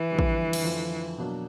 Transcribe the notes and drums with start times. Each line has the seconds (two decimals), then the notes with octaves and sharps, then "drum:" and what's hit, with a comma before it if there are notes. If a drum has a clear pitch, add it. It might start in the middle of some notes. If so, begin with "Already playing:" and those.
Already playing: E3
0.09 F2 D3 G3 B3 E4
0.19 drum: kick
0.53 drum: cymbal
0.63 F2 D3 F3 A3
1.18 B2 F#3 A#3 D4